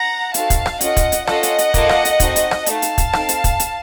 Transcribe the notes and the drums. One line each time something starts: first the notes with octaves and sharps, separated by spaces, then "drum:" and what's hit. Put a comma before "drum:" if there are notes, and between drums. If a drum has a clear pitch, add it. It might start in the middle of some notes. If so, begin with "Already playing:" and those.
Already playing: F#5 A#5
C4 D#4 F#4 A4 F5 A5, drum: hi-hat
drum: kick, hi-hat
drum: rim click
C#4 F4 A4 D#5 F#5, drum: hi-hat
drum: kick, hi-hat
drum: hi-hat
C#4 F4 A4 D#5 F#5, drum: rim click
drum: hi-hat
drum: hi-hat
A#3 F4 A4, drum: kick, hi-hat
drum: rim click
drum: hi-hat
C4 D#4 F#4 A4, drum: kick, hi-hat
drum: hi-hat
drum: rim click
A3 D#4 A4 F5 A5, drum: hi-hat
drum: hi-hat
drum: kick, hi-hat
C4 D#4 A4, drum: rim click
drum: hi-hat
drum: kick, hi-hat
drum: hi-hat